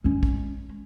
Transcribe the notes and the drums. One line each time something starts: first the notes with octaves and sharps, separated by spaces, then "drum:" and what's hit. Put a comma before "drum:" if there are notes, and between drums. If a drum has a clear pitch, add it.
G#3 C#4
drum: kick